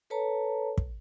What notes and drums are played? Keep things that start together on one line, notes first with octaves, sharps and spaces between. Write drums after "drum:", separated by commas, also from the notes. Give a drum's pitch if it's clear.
A4 B4 C#5 A5 A#5
drum: kick